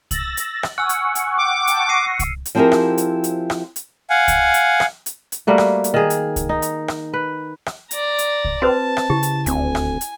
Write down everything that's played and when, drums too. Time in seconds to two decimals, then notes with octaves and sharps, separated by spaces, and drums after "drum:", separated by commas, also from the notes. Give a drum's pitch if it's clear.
0.11 E6 A6 A#6 F#7, drum: kick C2, hi-hat
0.37 drum: hi-hat
0.63 drum: rim click
0.78 F#5 G#5 C#6 E6 F6
0.89 drum: hi-hat
1.15 drum: hi-hat
1.38 G5 D6
1.67 G5 A5, drum: hi-hat
1.89 A#6 C7 C#7 D#7
2.19 drum: kick C2, hi-hat
2.46 drum: hi-hat
2.55 F3 C4 E4 G4 G#4 A#4
2.72 drum: rim click
2.98 drum: hi-hat
3.24 drum: hi-hat
3.50 drum: rim click
3.76 drum: hi-hat
4.10 F5 F#5 G#5
4.28 drum: kick C2, hi-hat
4.54 drum: hi-hat
4.80 drum: rim click
5.06 drum: hi-hat
5.32 drum: hi-hat
5.47 G3 A3 A#3 F#4
5.58 drum: rim click
5.84 drum: hi-hat
5.94 D#3 G#4
6.10 drum: hi-hat
6.36 drum: kick C2, hi-hat
6.49 D#4
6.62 drum: hi-hat
6.88 drum: rim click
7.13 B4
7.66 drum: rim click
7.91 D5 A#5, drum: hi-hat
8.18 drum: hi-hat
8.45 drum: kick C2
8.62 C4 F#4 B4 C5 A5
8.97 drum: rim click
9.10 C#3 E4 G4
9.23 drum: hi-hat
9.46 D#1 D2 C4 G#5, drum: hi-hat
9.75 drum: rim click
10.01 drum: hi-hat